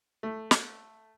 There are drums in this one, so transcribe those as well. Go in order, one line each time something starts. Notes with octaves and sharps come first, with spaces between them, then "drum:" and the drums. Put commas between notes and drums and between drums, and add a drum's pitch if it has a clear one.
A3
drum: snare